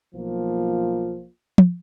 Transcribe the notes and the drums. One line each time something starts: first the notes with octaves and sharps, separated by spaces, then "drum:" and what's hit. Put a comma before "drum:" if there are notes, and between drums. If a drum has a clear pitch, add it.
B1 F3 A#3 F4
drum: tom